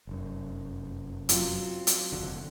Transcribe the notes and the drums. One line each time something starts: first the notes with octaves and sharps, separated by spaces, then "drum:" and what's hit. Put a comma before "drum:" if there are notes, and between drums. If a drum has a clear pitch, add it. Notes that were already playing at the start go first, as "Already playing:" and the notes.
F1 F#2
F#3 C4 F4, drum: hi-hat
drum: hi-hat
F1 D#2 D3